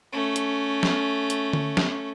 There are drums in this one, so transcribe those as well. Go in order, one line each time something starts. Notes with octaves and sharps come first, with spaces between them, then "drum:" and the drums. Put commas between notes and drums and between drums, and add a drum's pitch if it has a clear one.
A3 C#4
drum: hi-hat
drum: snare
drum: hi-hat
drum: tom D3
drum: snare